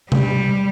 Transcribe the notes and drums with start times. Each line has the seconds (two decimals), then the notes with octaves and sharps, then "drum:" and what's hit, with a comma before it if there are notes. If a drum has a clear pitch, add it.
0.12 G3, drum: tom C3